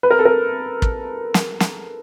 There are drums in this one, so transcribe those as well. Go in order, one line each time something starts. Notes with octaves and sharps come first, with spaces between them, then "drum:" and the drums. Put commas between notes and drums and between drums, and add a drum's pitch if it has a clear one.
B4
A#4
A4
A#4
drum: kick
drum: snare
drum: snare